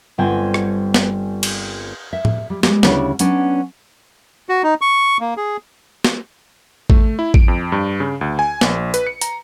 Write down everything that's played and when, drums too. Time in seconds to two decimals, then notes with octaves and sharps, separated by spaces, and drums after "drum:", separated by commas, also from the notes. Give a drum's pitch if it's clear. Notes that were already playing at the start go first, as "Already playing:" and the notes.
0.18 G1 C4 G5 G#5
0.54 drum: rim click
0.94 drum: snare
1.43 drum: cymbal
2.13 E5
2.25 drum: tom
2.50 G3
2.63 G3 G#3, drum: snare
2.83 D2 C#3 G3 D4 E4 C#5, drum: snare
3.19 F#3 B3 C#4 D4, drum: hi-hat
4.49 F#4
4.63 D#4
4.81 C#6
5.21 A#3
5.37 G#4
6.05 drum: snare
6.90 A3, drum: kick A1
7.19 E4
7.34 D7, drum: kick A1
7.48 F2
7.72 G2
8.00 C#3
8.21 D2
8.39 G#5
8.61 A#1, drum: snare
8.94 B4, drum: hi-hat
9.07 C#7
9.21 A#5, drum: hi-hat